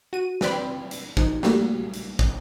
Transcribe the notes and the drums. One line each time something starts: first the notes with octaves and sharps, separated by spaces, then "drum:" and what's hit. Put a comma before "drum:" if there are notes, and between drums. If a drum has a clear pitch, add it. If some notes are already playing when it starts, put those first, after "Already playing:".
F#4 D#7
C4 B4 D5 G5 B5 C6, drum: snare
drum: hi-hat
F3 D#4, drum: kick
G3 A3 A#3 F#4, drum: snare
drum: hi-hat
drum: kick